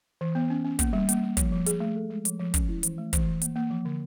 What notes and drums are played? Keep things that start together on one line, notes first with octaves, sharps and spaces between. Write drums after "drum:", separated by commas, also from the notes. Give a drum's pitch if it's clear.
E3
B3
C#4
C#4
A#3, drum: kick, hi-hat
G3
A#3, drum: hi-hat
A#3
F3, drum: kick, hi-hat
F3
G#4, drum: hi-hat
A3
A4
G#3
F3, drum: hi-hat
F3
C#4, drum: kick, hi-hat
E4
E3, drum: hi-hat
A3
E3, drum: kick, hi-hat
E3
A#3, drum: hi-hat
A#3
F3
D3